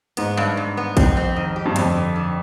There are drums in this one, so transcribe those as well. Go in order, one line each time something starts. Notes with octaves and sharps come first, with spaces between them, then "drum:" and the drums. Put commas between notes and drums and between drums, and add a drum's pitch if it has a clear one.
G#2 B3, drum: hi-hat
G2
G2
B3
F2 C4, drum: kick A#1, hi-hat
C4
D#3
G4
G2
F2 D3, drum: hi-hat
D3
D3